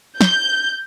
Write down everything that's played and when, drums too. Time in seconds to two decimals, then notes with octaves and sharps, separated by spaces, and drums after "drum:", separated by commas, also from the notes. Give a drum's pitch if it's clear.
0.21 G6, drum: snare